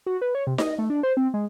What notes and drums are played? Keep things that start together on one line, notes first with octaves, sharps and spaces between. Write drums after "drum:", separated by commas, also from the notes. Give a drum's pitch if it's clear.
F#4
B4
C#5
C3
D#5, drum: snare D#4
A3
D4
C5
C4
G#3